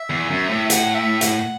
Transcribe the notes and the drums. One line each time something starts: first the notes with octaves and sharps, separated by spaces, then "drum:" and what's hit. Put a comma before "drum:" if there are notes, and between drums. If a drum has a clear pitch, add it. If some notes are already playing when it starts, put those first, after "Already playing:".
Already playing: E5
E2
F#2
A2
F#5, drum: hi-hat
E5
F#5, drum: hi-hat